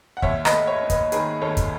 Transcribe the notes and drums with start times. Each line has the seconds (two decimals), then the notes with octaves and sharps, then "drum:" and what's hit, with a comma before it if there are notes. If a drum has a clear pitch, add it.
0.17 F#5
0.22 D#2 C#5 E5, drum: kick
0.45 B4 D#5, drum: rim click
0.52 A3
0.67 C#5 E5
0.82 C#4
0.90 B4 D#5, drum: kick, hi-hat
1.12 D#3 G#4 B4, drum: hi-hat
1.41 D#2 A4 C#5
1.57 drum: kick, hi-hat